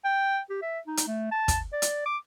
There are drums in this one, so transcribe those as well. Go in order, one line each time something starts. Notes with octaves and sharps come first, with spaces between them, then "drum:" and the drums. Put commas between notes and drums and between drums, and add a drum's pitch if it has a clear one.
G5
G4
E5
D#4
drum: hi-hat
A3
A5
drum: kick, hi-hat
D5
drum: hi-hat
D6